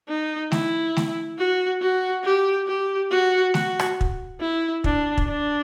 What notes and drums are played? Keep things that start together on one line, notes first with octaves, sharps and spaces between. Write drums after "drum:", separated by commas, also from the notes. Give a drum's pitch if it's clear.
D#4
E4, drum: snare A3
drum: snare A3
F#4
F#4
G4
G4
F#4
F#4, drum: snare A3
drum: rim click
drum: kick
E4
D4, drum: kick
drum: kick
D4